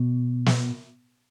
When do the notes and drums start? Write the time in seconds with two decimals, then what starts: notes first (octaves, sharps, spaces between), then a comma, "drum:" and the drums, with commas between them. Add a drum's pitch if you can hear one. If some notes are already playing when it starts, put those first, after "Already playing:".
Already playing: B2
0.46 drum: snare